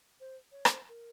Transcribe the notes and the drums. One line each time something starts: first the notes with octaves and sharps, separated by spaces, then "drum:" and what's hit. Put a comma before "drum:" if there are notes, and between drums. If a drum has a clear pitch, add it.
C5
C#5
C5, drum: rim click
A#4